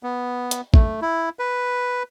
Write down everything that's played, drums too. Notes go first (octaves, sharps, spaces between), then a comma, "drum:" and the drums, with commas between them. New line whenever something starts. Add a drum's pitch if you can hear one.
B3
drum: hi-hat
A3, drum: kick A1
E4
B4